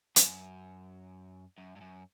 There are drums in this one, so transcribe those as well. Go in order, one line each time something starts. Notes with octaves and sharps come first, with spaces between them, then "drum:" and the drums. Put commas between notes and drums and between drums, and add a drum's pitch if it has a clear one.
F#2, drum: hi-hat
F#2
G2
F#2